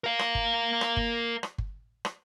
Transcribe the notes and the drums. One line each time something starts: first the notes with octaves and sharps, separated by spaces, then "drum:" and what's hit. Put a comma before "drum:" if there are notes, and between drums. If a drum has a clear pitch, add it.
A#4 F5
drum: rim click
drum: kick G1
drum: rim click
drum: kick G1
drum: rim click
drum: kick G1
drum: rim click